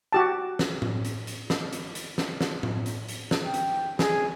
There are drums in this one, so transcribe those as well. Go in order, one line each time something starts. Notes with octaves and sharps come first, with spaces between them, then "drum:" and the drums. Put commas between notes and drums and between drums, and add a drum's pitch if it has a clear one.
F#4 G4 A5
drum: snare
drum: tom A2
drum: hi-hat
drum: hi-hat
drum: snare
drum: hi-hat
drum: hi-hat
drum: snare
drum: snare
drum: tom A2
drum: hi-hat
drum: hi-hat
drum: snare
G5
drum: hi-hat
G#4, drum: snare